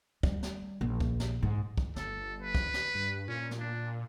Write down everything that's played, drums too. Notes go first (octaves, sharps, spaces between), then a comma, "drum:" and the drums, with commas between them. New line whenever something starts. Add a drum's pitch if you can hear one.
G3, drum: kick
drum: snare
A#1
drum: kick
drum: snare
G#2
drum: kick
G1 A4, drum: snare
B4
drum: kick
drum: snare
G2
A#2 C#4
drum: snare
D4